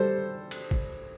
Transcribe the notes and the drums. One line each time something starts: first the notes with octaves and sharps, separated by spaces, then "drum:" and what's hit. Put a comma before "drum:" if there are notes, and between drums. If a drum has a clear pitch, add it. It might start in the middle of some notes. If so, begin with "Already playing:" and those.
Already playing: G3 A4 C5
drum: cymbal
drum: kick